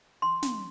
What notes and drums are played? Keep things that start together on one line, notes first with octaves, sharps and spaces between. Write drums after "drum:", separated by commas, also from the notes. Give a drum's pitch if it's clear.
C6
drum: snare